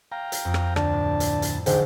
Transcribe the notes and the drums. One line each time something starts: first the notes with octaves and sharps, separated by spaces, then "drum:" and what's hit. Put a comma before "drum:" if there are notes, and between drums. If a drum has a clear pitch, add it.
F5 G5 A#5
drum: hi-hat
F2
drum: rim click
D2 D4 A5, drum: rim click
A2
drum: hi-hat
drum: hi-hat
E1 B1 G#2 D3 G5, drum: hi-hat